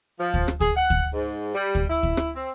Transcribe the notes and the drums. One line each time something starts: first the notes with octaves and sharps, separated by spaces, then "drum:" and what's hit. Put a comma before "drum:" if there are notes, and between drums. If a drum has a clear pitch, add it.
F3
drum: kick
drum: rim click
G#4, drum: kick
F#5
drum: kick
G#2
G3
drum: kick
E4
drum: kick
drum: rim click
C4